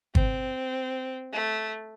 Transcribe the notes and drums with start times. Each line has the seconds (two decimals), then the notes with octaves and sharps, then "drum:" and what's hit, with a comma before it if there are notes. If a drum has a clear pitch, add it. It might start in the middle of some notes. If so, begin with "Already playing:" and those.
0.15 C4, drum: kick
1.33 A3